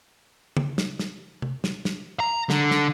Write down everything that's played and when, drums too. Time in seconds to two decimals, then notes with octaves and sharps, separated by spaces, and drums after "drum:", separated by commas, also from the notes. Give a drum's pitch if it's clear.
0.57 drum: tom
0.78 drum: snare
0.99 drum: snare
1.42 drum: tom
1.64 drum: snare
1.85 drum: snare
2.20 A#5
2.50 D3, drum: snare
2.71 drum: snare